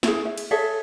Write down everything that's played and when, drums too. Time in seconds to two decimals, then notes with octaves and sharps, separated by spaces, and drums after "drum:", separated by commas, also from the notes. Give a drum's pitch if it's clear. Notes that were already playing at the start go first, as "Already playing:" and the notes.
0.03 E4 G#4, drum: snare
0.25 E5
0.38 drum: cymbal
0.51 G#4 A4 C#5 E5